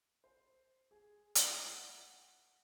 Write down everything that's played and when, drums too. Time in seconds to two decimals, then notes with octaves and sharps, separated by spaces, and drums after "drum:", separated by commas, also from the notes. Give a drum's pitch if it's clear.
0.24 C5
0.91 G#4
1.35 E5, drum: hi-hat
1.69 F#5